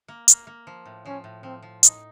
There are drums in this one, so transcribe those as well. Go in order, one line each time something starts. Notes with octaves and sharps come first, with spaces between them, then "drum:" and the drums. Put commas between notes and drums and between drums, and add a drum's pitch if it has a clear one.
A#3
A#3, drum: hi-hat
A#3
F3
A2
F3 C#4
A2
F3 C4
F3
D#4, drum: hi-hat